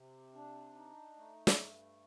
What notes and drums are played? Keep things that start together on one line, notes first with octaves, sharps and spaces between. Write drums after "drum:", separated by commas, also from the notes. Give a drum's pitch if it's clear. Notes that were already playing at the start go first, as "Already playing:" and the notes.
Already playing: C3
D4
D#4
A3
drum: snare
G2